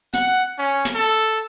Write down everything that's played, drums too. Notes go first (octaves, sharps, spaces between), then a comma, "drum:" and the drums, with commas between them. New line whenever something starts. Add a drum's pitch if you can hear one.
F#5, drum: hi-hat
C#4
drum: hi-hat
A4